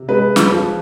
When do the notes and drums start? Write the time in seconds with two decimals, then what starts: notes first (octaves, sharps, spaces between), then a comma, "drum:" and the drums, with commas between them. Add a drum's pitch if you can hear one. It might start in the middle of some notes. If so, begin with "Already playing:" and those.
Already playing: C3
0.08 G#3 B4
0.36 drum: snare
0.50 F3